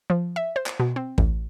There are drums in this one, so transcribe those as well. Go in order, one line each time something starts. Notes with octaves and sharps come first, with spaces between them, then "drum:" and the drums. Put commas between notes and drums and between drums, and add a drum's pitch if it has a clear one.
F3
E5
C5
drum: clap
B2
C4
A1, drum: kick C#2